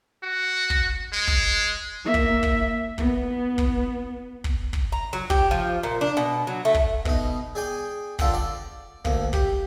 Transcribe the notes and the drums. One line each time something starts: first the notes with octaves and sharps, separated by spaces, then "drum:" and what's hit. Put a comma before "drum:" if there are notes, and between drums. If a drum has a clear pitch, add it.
F#4
drum: kick
G#3
drum: kick
A#3 E5
drum: kick
drum: kick
B3, drum: kick
drum: kick
drum: kick
drum: kick
A#5
F#3
G4, drum: kick
F3
A#2
D4
B2
F#3
A3
drum: kick
B2 D#4, drum: kick
G#4 D5 G5 G#5
D3 F4 A4 F#5 G5, drum: kick
D5
D2 A#3, drum: kick
G4, drum: kick